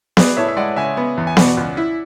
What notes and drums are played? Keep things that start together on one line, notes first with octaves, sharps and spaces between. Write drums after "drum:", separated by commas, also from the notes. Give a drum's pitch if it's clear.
G#4 B4 D5, drum: snare B3
A2 C#5 E5
E5
G#3 D5 F#5
C#3 E5 G#5
B3
E2
G#5
B2 D5 F#5, drum: snare B3
C#2
E4